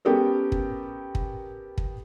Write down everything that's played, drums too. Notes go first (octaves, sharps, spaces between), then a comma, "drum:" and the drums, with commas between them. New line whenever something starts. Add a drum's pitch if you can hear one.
B3 C#4 G4 A4 A#4
drum: kick
drum: kick
drum: kick